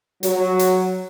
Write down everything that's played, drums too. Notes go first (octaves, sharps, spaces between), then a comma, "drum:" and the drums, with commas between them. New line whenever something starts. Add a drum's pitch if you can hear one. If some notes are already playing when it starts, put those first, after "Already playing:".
F#3, drum: hi-hat
drum: hi-hat